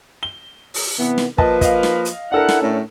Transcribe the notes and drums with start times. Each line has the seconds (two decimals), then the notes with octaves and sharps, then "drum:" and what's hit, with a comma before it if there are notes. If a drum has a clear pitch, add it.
0.23 G7
0.74 drum: open hi-hat
0.99 C3 E3 B3
1.18 drum: snare
1.38 F3 A#3 B4 D#5 A5, drum: kick
1.61 D#5 F5, drum: kick, hi-hat
1.83 drum: snare
2.05 drum: hi-hat
2.32 D4 E4 A4 A#4 F#5
2.49 drum: snare
2.61 A2 C#4